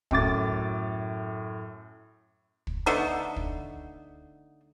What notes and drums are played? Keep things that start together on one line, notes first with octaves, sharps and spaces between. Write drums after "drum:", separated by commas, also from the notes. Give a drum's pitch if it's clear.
F#2 A2 D6 A6, drum: kick
drum: kick
D3 A3 B3 D#4
drum: kick